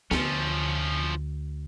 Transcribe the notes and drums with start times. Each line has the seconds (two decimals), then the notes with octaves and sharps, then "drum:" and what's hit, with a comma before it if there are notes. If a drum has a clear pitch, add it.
0.11 D2 F3 C#4, drum: snare B3